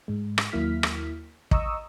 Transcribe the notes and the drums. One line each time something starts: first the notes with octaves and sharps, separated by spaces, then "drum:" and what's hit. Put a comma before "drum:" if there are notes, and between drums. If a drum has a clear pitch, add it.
G#2 G#3
drum: rim click
D#2 F#3 A#3 E4 F6 B6
drum: rim click
D#5 A#5 C#6 D#6 E6, drum: kick